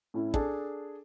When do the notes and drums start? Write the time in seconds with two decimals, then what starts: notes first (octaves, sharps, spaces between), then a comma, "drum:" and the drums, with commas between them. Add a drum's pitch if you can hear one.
0.14 A2 C#4 E4
0.34 D4 G#4 A4, drum: kick